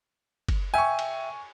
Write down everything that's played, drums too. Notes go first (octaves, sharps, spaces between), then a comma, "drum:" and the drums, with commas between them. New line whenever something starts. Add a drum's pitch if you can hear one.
drum: kick, cymbal
E5 G5 G#5 C#6
drum: cymbal